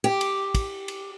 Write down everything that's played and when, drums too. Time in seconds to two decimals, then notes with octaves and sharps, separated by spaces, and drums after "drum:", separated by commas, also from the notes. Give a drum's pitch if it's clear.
0.04 G4
0.21 drum: cymbal
0.55 drum: kick, cymbal
0.88 drum: cymbal